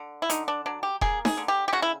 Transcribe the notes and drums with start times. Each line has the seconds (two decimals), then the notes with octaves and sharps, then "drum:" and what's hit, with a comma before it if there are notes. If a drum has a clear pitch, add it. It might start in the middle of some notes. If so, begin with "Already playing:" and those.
Already playing: D3
0.22 E4
0.30 D3 D#4, drum: hi-hat
0.48 D4
0.66 F#3 D4
0.83 G4
1.01 A#3 G#4, drum: kick E1
1.25 G#4, drum: snare D#4
1.37 D3
1.48 G4
1.68 G4
1.73 C#3 F#4
1.82 E4